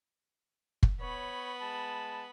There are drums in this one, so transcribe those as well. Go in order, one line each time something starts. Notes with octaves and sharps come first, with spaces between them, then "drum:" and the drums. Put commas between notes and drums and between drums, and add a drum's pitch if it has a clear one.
drum: kick
B3 C#5 B5
G#3 A5